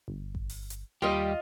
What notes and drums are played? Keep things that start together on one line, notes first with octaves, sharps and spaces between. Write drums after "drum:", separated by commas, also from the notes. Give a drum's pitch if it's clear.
G1
drum: kick A1
drum: open hi-hat
drum: hi-hat
D#2 G3 F4 G4 D#5